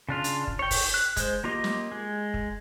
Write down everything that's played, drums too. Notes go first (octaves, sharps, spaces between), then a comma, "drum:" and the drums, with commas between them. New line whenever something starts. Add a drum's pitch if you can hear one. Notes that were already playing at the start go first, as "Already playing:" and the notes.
C#3 D4 F4
drum: hi-hat
drum: kick
C#5 G5
drum: kick, open hi-hat
F#6
G#3 C5, drum: kick, hi-hat
A#3 F4 G4 D#5
drum: snare
G#3
drum: kick